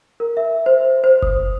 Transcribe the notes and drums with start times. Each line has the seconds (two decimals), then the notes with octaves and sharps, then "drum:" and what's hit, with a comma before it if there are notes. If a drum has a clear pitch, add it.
0.20 A#4
0.37 E5
0.66 C5
1.04 C5
1.22 D#6, drum: kick F#1